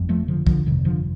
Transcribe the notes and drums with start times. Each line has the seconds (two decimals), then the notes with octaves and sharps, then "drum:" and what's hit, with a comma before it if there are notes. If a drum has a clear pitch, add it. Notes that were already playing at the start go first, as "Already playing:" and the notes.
Already playing: G1 F2
0.09 F3 A3
0.28 D3 F3
0.47 D3 F3, drum: kick B1
0.66 G1 F2 C3 D#3
0.85 D3 F3